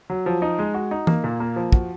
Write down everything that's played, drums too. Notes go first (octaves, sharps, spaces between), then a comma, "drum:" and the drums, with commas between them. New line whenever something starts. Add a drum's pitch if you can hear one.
F#3
F3
D#4
G#3
F#4
D#4
A#3, drum: tom E3
A#2
A#3
F3
F#4, drum: kick